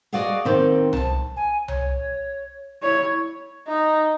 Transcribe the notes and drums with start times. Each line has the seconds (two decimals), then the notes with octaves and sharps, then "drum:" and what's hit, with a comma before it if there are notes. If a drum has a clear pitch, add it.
0.13 F#4 G#4 D5 D#5 F5 F#5
0.45 D#2 D#3 C4
0.93 F2 A5, drum: tom C2
1.36 G#5
1.68 C#5, drum: tom C2
2.83 E4 C#5
3.68 D#4